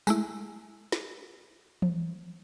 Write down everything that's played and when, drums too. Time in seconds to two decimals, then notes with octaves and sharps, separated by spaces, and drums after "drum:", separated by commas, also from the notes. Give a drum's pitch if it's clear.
0.07 G#3 A3 E4, drum: tambourine
0.92 drum: snare
1.82 drum: tom E3